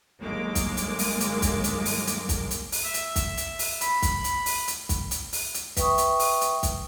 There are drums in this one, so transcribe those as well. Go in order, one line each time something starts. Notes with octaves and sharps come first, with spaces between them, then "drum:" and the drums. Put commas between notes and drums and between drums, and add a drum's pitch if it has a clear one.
G1 D#2 F#3 G#3 A#3 D6
drum: kick, hi-hat
drum: hi-hat
drum: open hi-hat
drum: hi-hat
drum: kick, hi-hat
drum: hi-hat
drum: open hi-hat
drum: hi-hat
drum: kick, hi-hat
drum: hi-hat
drum: open hi-hat
E5
drum: hi-hat
drum: kick, hi-hat
drum: hi-hat
drum: open hi-hat
B5, drum: hi-hat
drum: kick, hi-hat
drum: hi-hat
drum: open hi-hat
drum: hi-hat
drum: kick, hi-hat
drum: hi-hat
drum: open hi-hat
drum: hi-hat
B4 E5 G5 C#6 D#6, drum: kick, hi-hat
drum: hi-hat
drum: open hi-hat
drum: hi-hat
drum: kick, hi-hat